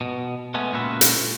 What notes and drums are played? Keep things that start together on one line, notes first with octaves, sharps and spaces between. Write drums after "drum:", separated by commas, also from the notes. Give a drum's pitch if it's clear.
B2
G#3 A3 B3 C#4
C#2 A#2 F4 F#4 B4 E5
drum: hi-hat